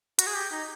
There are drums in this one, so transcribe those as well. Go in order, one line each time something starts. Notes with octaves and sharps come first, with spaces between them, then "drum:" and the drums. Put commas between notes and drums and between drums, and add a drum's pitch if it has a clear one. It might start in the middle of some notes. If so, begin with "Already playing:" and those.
F#4, drum: hi-hat
G#4
G4
D#4